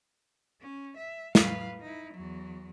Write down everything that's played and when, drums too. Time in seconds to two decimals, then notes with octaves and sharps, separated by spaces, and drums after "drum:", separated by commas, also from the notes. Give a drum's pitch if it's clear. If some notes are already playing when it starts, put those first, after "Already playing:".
0.60 C#4
0.97 E5
1.35 B4 F5, drum: snare
1.81 D#4 E4
2.13 E2 F#3